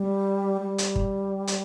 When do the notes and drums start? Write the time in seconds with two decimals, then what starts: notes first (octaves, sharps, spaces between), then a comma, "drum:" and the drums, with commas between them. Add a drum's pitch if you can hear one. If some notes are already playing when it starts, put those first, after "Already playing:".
Already playing: G3
0.61 G3
0.78 drum: hi-hat
0.96 drum: kick
1.47 drum: hi-hat